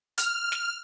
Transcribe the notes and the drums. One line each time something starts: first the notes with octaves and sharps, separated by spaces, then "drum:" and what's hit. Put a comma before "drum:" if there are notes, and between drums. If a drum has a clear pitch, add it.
F6, drum: hi-hat
drum: snare